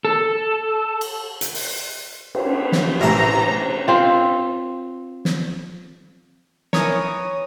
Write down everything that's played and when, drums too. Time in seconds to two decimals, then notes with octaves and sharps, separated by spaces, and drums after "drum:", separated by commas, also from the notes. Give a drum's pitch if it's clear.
0.05 A4
1.01 drum: cymbal
1.41 drum: hi-hat
1.54 drum: open hi-hat
2.35 drum: cymbal
2.72 drum: snare
3.01 A1 C3 A5 A#5
3.88 C4 F4
5.25 drum: snare
6.73 E3 A#4 C#5 D#6, drum: snare